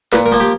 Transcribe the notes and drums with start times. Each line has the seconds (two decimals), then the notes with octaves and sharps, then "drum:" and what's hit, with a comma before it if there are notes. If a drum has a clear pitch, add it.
0.13 A#2 B4, drum: snare
0.26 A#4
0.32 F3 A#3
0.40 G4